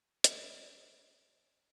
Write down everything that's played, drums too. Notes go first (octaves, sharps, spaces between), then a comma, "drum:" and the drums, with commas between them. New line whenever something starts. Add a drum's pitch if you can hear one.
G#1 D#3 F#4 G#4, drum: hi-hat
A#5 C#6
C#4 C5 B5 F6
A#2 G#5